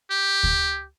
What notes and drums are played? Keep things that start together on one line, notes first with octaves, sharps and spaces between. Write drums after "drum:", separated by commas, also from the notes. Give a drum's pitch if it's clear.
G4
drum: kick